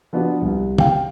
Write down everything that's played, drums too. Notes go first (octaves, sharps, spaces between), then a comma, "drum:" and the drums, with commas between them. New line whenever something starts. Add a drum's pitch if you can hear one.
F3 B3 D4 F#4
C2
F5 G5, drum: tom